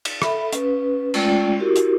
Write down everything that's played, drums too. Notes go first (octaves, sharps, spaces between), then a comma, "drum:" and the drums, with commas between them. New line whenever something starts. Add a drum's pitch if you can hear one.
drum: cymbal
A4 E5 B5, drum: rim click
C#4 B4, drum: hi-hat
G#3 A3 C#4 F4 D5 G5, drum: cymbal
E4 F#4 G4 A#4
drum: hi-hat